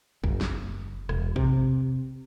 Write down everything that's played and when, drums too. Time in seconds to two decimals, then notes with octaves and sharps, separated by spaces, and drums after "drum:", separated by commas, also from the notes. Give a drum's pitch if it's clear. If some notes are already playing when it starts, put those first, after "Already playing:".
0.24 F#1, drum: kick
0.41 drum: snare
1.09 E1, drum: rim click
1.36 C3, drum: kick